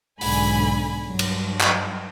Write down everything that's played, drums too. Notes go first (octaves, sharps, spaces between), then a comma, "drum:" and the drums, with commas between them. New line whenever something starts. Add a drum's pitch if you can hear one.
B1 G#2 D3 G#5 B5, drum: open hi-hat
G2 F#3
drum: cymbal
drum: clap